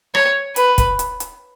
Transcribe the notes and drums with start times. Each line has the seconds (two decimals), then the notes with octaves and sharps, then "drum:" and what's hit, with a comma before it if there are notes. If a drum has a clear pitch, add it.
0.15 C#5, drum: rim click
0.56 B4, drum: hi-hat
0.78 drum: kick, hi-hat
0.99 drum: hi-hat
1.20 drum: hi-hat